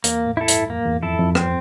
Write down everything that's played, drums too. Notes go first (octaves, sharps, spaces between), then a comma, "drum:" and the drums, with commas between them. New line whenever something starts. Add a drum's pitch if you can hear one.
E2 A#3, drum: hi-hat
A2
E4 A4
G2, drum: hi-hat
F2 A#3
E2
F2 E4 A4
F2
C4, drum: rim click